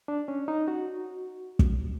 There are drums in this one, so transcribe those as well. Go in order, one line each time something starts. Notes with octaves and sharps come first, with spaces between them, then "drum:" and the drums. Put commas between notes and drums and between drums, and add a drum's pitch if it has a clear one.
D4
C#4
D#4
F#4
drum: kick